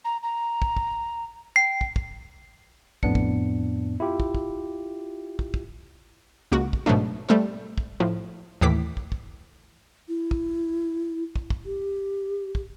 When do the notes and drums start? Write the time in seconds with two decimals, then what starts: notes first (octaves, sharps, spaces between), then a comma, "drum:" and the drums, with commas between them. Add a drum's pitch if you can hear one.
0.05 A#5
0.23 A#5
0.62 drum: kick
0.77 drum: kick
1.56 G5 C7
1.81 drum: kick
1.96 drum: kick
3.03 F2 A2 B3 D4 C#7, drum: kick
3.15 drum: kick
4.00 E4 F4 G4
4.20 drum: kick
4.35 drum: kick
5.39 drum: kick
5.54 drum: kick
6.52 C#2 A#3 F#4
6.73 drum: kick
6.86 G#2 B2 F#3 A3 D4
7.29 G3 A3 A4 C5
7.78 drum: kick
8.00 A2 F3
8.61 D#2 A2 E3 D6 B6
8.97 drum: kick
9.12 drum: kick
10.08 E4
10.31 drum: kick
11.36 drum: kick
11.50 drum: kick
11.65 G4
12.55 drum: kick